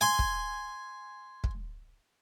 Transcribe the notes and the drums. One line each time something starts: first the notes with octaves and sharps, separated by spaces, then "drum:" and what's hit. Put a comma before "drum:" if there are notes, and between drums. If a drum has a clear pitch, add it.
G#5 C6
drum: kick
drum: kick